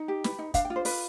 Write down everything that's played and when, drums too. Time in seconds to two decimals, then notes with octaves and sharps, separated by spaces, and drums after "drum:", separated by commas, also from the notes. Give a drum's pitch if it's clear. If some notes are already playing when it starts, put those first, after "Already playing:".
Already playing: D#4
0.08 G4
0.24 B4, drum: snare
0.39 D#4
0.54 D4 F5, drum: kick, hi-hat
0.65 G5
0.70 F4
0.76 C5
0.85 B4 D5, drum: open hi-hat